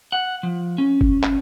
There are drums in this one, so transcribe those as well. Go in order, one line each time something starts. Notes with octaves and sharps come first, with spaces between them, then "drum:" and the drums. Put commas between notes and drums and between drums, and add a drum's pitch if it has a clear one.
F#5
F3
C#4
drum: kick F#1
drum: clap